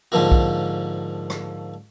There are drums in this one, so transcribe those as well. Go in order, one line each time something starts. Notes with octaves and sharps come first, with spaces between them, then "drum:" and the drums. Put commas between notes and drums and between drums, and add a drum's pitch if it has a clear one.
G#2 D3 F3 A#3 F#4
drum: kick B1
drum: rim click